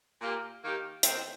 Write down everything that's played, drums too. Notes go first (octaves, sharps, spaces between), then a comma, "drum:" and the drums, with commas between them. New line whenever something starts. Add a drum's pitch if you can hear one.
A#2 A#3 G4
D#3 A#3 G4
D#2 D#3 C4, drum: hi-hat